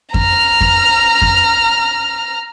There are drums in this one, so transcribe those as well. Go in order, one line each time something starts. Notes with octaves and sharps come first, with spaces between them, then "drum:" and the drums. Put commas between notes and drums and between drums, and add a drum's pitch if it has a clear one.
A#5 F6, drum: kick F2
drum: kick F2
drum: kick F2